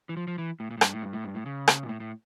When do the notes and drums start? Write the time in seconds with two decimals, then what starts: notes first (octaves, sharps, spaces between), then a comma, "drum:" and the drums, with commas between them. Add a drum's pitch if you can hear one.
0.09 E3
0.17 F3
0.27 F3
0.38 E3
0.60 A2
0.71 A#2
0.77 A2
0.81 G2, drum: rim click
0.92 A2
1.02 G2
1.13 A2
1.24 G2
1.35 A2
1.46 C#3
1.68 drum: rim click
1.83 A#2
1.89 A2
2.00 A2